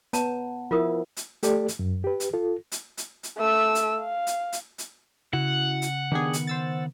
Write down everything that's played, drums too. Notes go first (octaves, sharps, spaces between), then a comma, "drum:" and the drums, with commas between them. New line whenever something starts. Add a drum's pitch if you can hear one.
B3 C#5 A5 A#5, drum: hi-hat
F3 E4 F4 A#4 D#6
drum: hi-hat
A3 G4 A4 D5, drum: hi-hat
drum: hi-hat
F#2
G4 B4
drum: hi-hat
F4 A4
drum: hi-hat
drum: hi-hat
drum: hi-hat
A3 E6
drum: hi-hat
F5
drum: hi-hat
drum: hi-hat
drum: hi-hat
C#3 E4 F#4 F#5
drum: hi-hat
D#3 B3 D4 G4 G#4
drum: hi-hat
C5 E6 A6